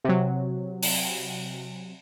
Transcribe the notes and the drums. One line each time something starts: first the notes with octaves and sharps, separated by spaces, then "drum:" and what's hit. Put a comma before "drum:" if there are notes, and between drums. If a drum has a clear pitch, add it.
C3 F#3
drum: open hi-hat